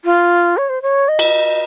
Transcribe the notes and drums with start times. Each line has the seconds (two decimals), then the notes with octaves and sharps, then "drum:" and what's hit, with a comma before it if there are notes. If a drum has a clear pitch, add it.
0.05 F4
0.57 C#5
0.69 C5
0.82 C#5
1.08 D#5
1.19 drum: cymbal